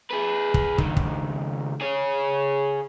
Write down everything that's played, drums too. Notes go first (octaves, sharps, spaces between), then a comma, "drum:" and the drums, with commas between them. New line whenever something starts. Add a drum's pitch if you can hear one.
G#4 B4
drum: kick
C#2 D#3, drum: kick
drum: kick
G#4 C#5